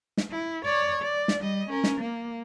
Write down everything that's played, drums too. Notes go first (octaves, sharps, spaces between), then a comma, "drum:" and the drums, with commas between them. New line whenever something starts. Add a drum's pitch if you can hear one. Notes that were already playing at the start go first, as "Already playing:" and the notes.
drum: snare
E4
C#5 D5
D5
drum: snare
G3 D#5
C#4 A#4
drum: snare
A#3